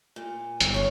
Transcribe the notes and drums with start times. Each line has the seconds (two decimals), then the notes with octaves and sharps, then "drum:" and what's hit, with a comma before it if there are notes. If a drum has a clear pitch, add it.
0.16 A#2
0.60 G1 G3 C4 D#4, drum: hi-hat
0.74 F#2 C#5